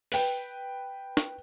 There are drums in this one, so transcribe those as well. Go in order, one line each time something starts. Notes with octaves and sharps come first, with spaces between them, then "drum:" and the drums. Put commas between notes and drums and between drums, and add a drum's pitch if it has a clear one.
B4 G5, drum: open hi-hat
drum: snare